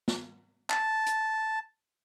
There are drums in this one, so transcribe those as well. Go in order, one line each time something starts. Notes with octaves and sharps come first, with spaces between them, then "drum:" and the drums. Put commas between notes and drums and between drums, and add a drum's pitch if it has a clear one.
drum: snare
A5, drum: clap
drum: hi-hat